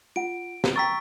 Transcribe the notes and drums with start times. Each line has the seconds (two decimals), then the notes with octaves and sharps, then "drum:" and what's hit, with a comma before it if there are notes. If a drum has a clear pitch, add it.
0.16 F4 F#5 D7
0.64 drum: snare
0.76 G5 A#5 C#6 E6 A6 B6